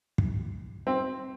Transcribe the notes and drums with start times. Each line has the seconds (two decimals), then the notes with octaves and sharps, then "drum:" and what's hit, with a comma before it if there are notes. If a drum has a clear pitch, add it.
0.18 drum: kick
0.87 C4